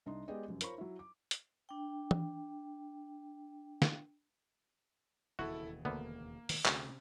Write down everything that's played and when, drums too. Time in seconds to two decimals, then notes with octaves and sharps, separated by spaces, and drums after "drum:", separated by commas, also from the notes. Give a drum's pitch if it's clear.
0.06 C2 D4 D#4 D#5 C6
0.28 G#3 B3 G4 G#4 D5 D#5
0.49 F1 F#2 F#3
0.61 F4 A#4 C5 C#5 B5 C#6, drum: hi-hat
0.78 F#3 E4
0.99 D6
1.31 drum: hi-hat
1.69 D4 G5
2.11 drum: tom
3.82 drum: snare
5.39 E1 D#2 C#3 E4 F#4 A4
5.85 D2 D3 A#3 B3
6.49 D#3, drum: open hi-hat
6.66 D2 C3 C#4 F#4 G#4, drum: clap